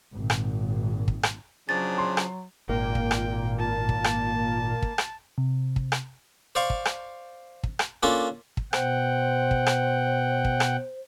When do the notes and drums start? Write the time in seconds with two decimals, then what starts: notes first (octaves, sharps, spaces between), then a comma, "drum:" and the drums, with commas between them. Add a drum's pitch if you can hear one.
0.15 G#1 A#2
0.30 drum: rim click
1.08 drum: kick
1.23 drum: rim click
1.69 C#3 F3 F#3 D4 A6
1.98 C6
2.17 drum: rim click
2.69 G#1 A#2 A#3 G5
2.95 drum: kick
3.11 drum: rim click
3.59 A5
3.89 drum: kick
4.04 drum: rim click
4.82 drum: kick
4.98 drum: rim click
5.38 C3
5.76 drum: kick
5.92 drum: rim click
6.55 C5 D5 F5 C#6
6.70 drum: kick
6.85 drum: rim click
7.63 drum: kick
7.79 drum: rim click
8.03 A#3 C#4 D4 F4 A4
8.57 drum: kick
8.73 B2 C5 F#5 G5, drum: rim click
9.51 drum: kick
9.66 drum: rim click
10.45 drum: kick
10.60 drum: rim click